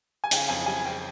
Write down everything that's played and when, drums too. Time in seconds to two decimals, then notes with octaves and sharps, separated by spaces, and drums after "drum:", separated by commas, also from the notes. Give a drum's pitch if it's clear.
0.24 G#5
0.31 C#3 G5, drum: hi-hat
0.49 F2 G#5
0.66 G3 G#5
0.85 F2 G5